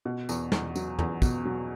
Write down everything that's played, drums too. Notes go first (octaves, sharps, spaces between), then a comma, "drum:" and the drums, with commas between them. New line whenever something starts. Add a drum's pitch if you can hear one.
B2
E2, drum: tambourine
E2, drum: snare
F#3, drum: tambourine
E2, drum: tom
B2, drum: kick, tambourine
F#3